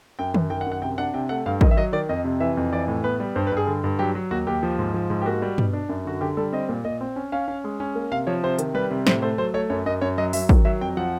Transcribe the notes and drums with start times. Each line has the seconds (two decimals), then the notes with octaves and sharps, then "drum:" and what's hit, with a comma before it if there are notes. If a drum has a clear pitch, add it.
0.19 F#2 G5
0.34 F#2, drum: tom D#3
0.50 D#3 G5
0.61 F#5
0.66 F#2
0.72 F#5
0.82 C3 G5
0.98 D4 F#5
1.14 C3 G5
1.29 A3 F#5
1.46 G2 F5
1.61 D#3 D#5, drum: kick
1.71 E5
1.77 F#3 D#5
1.93 D#3 D5
2.09 F2 D#5
2.24 C3
2.40 E3 E5
2.57 F2
2.72 E3 D5
2.88 A2
3.04 B3 B4
3.20 G3
3.36 G2 C5
3.47 B4
3.52 G2 G#4
3.67 D3
3.84 G2
3.99 F#3 G4
4.15 F#3
4.31 D#2 F#4
4.47 D#2 G4
4.63 F3
4.79 G#2
4.94 F3
5.10 G#2
5.21 G4
5.26 A#3 F#4
5.42 G3
5.58 B2, drum: tom G2
5.73 D4
5.89 F#2
6.05 D3 F#4
6.21 D3 G4
6.37 G3 A4
6.53 C4 D#5
6.69 A#2
6.85 A#2 D#5
7.01 C4
7.16 C#4
7.32 C#4 F5
7.48 C#4
7.64 G#3
7.80 C#4
7.95 A#3
8.12 C3 F5
8.27 F3 C#5
8.43 C3 C5
8.59 D#3, drum: hi-hat
8.74 G3 B4
8.91 C3
9.07 A2 C5, drum: snare
9.22 A3 C5
9.38 F#3 C5
9.54 A3 C#5
9.70 F#2 C#5
9.86 F#2 D#5
10.01 F#2 C#5
10.18 F#3 D#5
10.33 F#3 E5, drum: open hi-hat
10.49 D#3, drum: kick
10.65 F#3 E5
10.81 F2 G5
10.97 F3 F#5